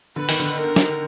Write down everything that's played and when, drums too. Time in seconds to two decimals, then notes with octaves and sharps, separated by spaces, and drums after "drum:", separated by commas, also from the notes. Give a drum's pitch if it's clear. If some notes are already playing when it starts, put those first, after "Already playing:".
0.16 D3 B4
0.29 D#3, drum: open hi-hat
0.40 D3
0.57 A#4
0.76 drum: snare